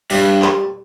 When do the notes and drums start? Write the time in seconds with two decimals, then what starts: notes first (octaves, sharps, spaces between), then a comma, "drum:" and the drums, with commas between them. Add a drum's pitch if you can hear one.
0.10 G2 G3, drum: open hi-hat
0.42 drum: clap